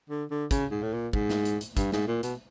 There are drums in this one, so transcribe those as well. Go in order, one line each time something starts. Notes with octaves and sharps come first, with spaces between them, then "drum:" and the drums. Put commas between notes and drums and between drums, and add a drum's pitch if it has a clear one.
D3
D3
C#3, drum: kick, hi-hat
G#2
A2
A#2
G#2, drum: kick
drum: snare
drum: hi-hat
drum: hi-hat
G2, drum: kick, hi-hat
G#2, drum: snare
A#2
B2, drum: hi-hat